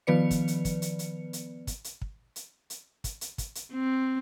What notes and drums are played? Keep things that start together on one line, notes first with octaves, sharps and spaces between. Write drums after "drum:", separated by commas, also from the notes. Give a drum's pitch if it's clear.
D#3 F3 B3 B4 D5 C#7
drum: kick, hi-hat
drum: hi-hat
drum: kick, hi-hat
drum: hi-hat
drum: hi-hat
drum: hi-hat
drum: kick, hi-hat
drum: hi-hat
drum: kick
drum: hi-hat
drum: hi-hat
drum: kick, hi-hat
drum: hi-hat
drum: kick, hi-hat
drum: hi-hat
C4